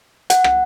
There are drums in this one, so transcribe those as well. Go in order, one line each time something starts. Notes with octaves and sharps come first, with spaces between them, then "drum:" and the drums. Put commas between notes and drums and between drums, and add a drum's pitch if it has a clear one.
F#5, drum: hi-hat
drum: rim click